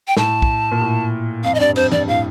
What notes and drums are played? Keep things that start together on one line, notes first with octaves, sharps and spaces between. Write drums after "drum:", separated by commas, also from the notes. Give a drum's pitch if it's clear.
G5
A2 A5, drum: snare
drum: kick
A#2
A2
F2 F5
D#5
G2 D5
F2 C5, drum: cymbal
G2 D5, drum: tom
A2 F5